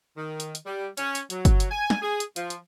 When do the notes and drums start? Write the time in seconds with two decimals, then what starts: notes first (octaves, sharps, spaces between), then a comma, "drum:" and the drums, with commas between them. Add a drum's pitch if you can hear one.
0.17 D#3
0.40 drum: hi-hat
0.55 drum: hi-hat
0.66 G3
0.97 C#4, drum: hi-hat
1.15 drum: hi-hat
1.30 F#3, drum: hi-hat
1.45 drum: kick G1, hi-hat
1.60 drum: hi-hat
1.71 G#5
1.90 drum: snare
2.02 G#4
2.20 drum: hi-hat
2.36 F3, drum: hi-hat
2.50 drum: hi-hat